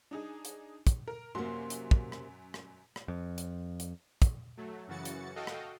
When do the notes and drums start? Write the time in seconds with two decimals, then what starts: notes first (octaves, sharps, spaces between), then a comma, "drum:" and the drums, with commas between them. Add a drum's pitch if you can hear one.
0.11 D4 D#4 G#4
0.45 drum: hi-hat
0.87 drum: kick, hi-hat
1.08 A#4
1.35 F#2 C3 A#3 F#4 C6
1.70 drum: hi-hat
1.91 drum: kick
2.12 drum: rim click
2.54 drum: rim click
2.96 drum: rim click
3.08 F2
3.38 drum: hi-hat
3.80 drum: hi-hat
4.22 drum: kick, hi-hat
4.57 F#3 A3
4.87 F#2 C#3 E3 F#4 A6 C#7
5.05 drum: hi-hat
5.35 F#4 A4 D#5 F5 G5
5.47 drum: rim click